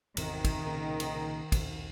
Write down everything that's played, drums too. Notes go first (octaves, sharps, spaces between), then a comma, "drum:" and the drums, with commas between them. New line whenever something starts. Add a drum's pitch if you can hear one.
G#1 E2 C3 D#3, drum: cymbal
drum: kick, cymbal
C2 A#2 C#3
drum: cymbal
A#1 D#2, drum: kick, cymbal